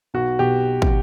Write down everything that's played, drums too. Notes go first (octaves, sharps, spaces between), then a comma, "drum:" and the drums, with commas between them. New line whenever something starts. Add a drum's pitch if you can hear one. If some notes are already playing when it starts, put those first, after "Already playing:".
B1 F#4
B2 G4
drum: kick